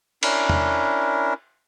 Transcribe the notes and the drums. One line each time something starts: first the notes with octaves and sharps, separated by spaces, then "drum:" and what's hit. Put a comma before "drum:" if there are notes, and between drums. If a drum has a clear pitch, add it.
C#4 D4 E4 A#4, drum: cymbal
drum: tom E2